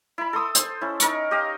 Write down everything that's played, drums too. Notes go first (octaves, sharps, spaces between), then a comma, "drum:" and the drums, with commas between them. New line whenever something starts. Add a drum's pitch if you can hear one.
E4 B5
A4 C6 D#6 E6
C5, drum: hi-hat
C#4 E4
D#4 A#4 C#6, drum: hi-hat
G4 D#5 F5